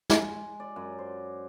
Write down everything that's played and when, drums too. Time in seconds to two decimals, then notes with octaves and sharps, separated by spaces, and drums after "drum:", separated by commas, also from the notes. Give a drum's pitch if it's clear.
0.10 G#3, drum: snare
0.60 D5
0.76 F#2
0.98 C5